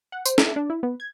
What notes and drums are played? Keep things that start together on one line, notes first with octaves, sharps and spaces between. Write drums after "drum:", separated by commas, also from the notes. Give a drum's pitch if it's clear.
F#5
C5, drum: tambourine
E4, drum: snare
D4
E4
B3
G#6